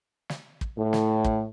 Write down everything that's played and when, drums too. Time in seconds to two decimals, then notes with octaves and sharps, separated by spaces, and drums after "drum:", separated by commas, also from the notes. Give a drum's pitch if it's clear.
0.29 drum: snare
0.61 drum: kick
0.77 A2
0.93 drum: snare
1.24 drum: kick